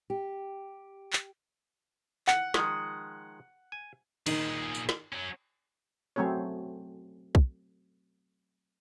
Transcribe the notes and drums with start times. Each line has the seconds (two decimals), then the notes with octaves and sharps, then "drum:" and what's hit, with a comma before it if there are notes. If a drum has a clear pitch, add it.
0.10 G4
1.13 drum: clap
2.27 F#5, drum: clap
2.54 D#3 F3 G#3, drum: snare
3.72 G#5
4.26 A#2 D#3 D#4 G#4, drum: cymbal
4.75 drum: tambourine
4.89 drum: snare
5.13 F#3 C#4
6.16 F#3 A3 C4 G#4 C#5
7.35 drum: kick